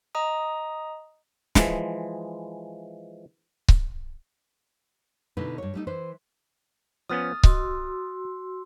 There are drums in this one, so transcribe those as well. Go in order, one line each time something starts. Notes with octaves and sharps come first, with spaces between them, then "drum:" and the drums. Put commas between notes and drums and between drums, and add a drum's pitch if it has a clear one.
D#5 A#5 D#6
E3 F3 G#3, drum: snare
drum: kick C#1
B2 D3 D#4 E4 B4
G2 C#5
G3 A3 D#4
E3 B4 C5
F3 B3 C#4 D#6 F6 A6
F#4 D#5 C6 E6, drum: kick C#1